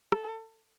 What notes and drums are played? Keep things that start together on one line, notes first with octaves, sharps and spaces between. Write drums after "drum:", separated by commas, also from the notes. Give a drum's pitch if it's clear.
A4, drum: rim click